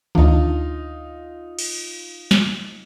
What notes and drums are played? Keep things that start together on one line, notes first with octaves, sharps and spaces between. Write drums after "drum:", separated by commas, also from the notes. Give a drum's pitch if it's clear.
D2 D4 D#4 F4, drum: tom D3
drum: cymbal
drum: snare